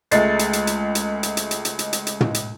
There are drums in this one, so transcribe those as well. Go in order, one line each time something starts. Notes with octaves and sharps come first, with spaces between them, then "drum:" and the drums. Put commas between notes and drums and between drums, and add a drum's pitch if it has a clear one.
C#2 G#3 A3 A6 C7, drum: hi-hat
drum: hi-hat
drum: hi-hat
drum: hi-hat
drum: hi-hat
drum: hi-hat
drum: hi-hat
drum: hi-hat
drum: hi-hat
drum: hi-hat
drum: hi-hat
drum: hi-hat
drum: tom
drum: hi-hat